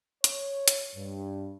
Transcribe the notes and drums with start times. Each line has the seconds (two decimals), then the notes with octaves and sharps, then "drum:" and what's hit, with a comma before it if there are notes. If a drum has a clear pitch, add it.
0.24 C#5, drum: hi-hat
0.68 drum: hi-hat
0.96 G2